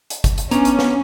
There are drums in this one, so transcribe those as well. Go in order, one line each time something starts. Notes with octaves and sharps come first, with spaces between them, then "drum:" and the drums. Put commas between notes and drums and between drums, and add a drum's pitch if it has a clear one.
drum: hi-hat
drum: kick G1, hi-hat
drum: hi-hat
B3 C#4 D4 C#5 A#5, drum: hi-hat
drum: hi-hat
drum: snare